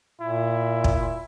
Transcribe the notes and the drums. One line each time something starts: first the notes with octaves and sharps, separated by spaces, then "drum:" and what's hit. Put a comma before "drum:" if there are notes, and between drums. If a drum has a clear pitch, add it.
A#2 E4
drum: kick